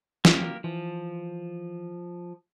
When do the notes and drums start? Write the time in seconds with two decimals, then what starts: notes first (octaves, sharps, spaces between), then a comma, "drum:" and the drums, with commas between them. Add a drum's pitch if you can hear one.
0.25 A#3 G4 A#4, drum: snare
0.64 E3 F3